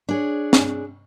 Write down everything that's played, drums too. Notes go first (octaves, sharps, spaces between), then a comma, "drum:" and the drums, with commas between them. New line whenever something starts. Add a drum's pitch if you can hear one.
D4 G#4 C#5
drum: snare